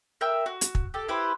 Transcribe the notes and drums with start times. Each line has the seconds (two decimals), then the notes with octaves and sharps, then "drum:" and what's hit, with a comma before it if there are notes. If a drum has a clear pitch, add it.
0.21 A#4 E5 G5 E6
0.46 F#4
0.61 drum: hi-hat
0.75 drum: kick
0.94 G4 A4
1.08 E4 G4 B4 C5